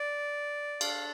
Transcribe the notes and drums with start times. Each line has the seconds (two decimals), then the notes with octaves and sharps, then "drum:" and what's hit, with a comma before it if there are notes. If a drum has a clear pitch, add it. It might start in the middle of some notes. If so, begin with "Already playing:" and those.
Already playing: D5
0.81 D4 A4 F5, drum: cymbal